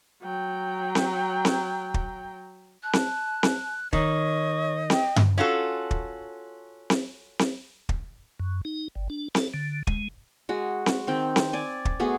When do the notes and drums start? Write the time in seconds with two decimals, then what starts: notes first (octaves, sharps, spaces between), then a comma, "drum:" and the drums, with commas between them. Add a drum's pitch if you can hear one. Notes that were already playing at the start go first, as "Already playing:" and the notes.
0.23 F#3 G5
0.95 drum: snare C4
1.45 drum: snare C4
1.94 drum: kick
2.83 A5 F#6
2.93 drum: snare C4
3.43 drum: snare C4
3.93 D#3 C#5 D#5 C#6, drum: kick
4.90 G5, drum: snare C4
5.16 drum: tom G2
5.38 C#4 F4 F#4 A4
5.91 drum: kick
6.90 drum: snare C4
7.39 drum: snare C4
7.89 drum: kick
8.40 F#2
8.65 D#4
8.95 G1
9.10 D4
9.35 A4, drum: snare C4
9.54 D3
9.87 G#3, drum: kick
10.49 G#3 F#4
10.86 drum: snare C4
11.07 D#3 C4 G5
11.36 drum: snare C4
11.53 D5 G#5
11.85 drum: kick
12.00 A3 B3 F#4 G#4